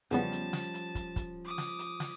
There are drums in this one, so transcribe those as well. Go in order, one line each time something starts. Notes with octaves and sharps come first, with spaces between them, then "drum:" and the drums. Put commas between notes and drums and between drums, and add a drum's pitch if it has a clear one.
E2 C#3 F3 G3 B3 C#4 A5, drum: hi-hat
drum: hi-hat
drum: snare
drum: hi-hat
drum: kick, hi-hat
drum: kick, hi-hat
D6 D#6
drum: snare
drum: hi-hat
drum: snare